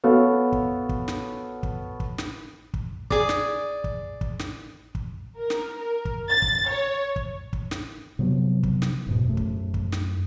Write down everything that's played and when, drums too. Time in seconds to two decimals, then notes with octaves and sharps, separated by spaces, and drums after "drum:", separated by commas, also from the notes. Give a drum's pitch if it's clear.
0.04 B3 F#4 A4 C#5 F5
0.52 drum: kick
0.89 drum: kick
1.08 drum: snare
1.63 drum: kick
2.00 drum: kick
2.18 drum: snare
2.74 drum: kick
3.10 G#4 D5, drum: kick
3.29 drum: snare
3.84 drum: kick
4.21 drum: kick
4.39 drum: snare
4.95 drum: kick
5.37 A#4
5.50 drum: snare
5.79 A#4
6.05 drum: kick
6.30 A6
6.42 drum: kick
6.69 C#5
7.16 drum: kick
7.53 drum: kick
7.71 drum: snare
8.19 C3 F3 F#3 B3
8.63 drum: kick
8.82 drum: snare
9.07 E1 G#2 B2
9.25 F#2 A3
9.37 drum: kick
9.74 drum: kick
9.92 drum: snare